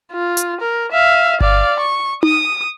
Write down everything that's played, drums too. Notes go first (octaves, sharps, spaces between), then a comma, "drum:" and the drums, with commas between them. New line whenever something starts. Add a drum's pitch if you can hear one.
F4
drum: hi-hat
A#4
E5 F5
D5 F5, drum: kick G1
C#6
D#6, drum: tom D#4